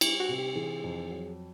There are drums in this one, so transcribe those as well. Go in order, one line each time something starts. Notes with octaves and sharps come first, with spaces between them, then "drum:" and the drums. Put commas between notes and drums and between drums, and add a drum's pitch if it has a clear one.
G3 E4, drum: cymbal
F#4
C3
G4
E3 G#4
F2
F#3